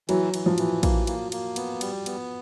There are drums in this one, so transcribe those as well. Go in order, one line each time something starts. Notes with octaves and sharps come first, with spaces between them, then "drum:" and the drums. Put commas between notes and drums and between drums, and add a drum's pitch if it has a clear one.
E3 F#3, drum: cymbal
E3, drum: cymbal
F3
E3, drum: cymbal
A#3, drum: kick, cymbal
A#3, drum: cymbal
A#3, drum: cymbal
B3, drum: cymbal
G3, drum: cymbal
B3, drum: cymbal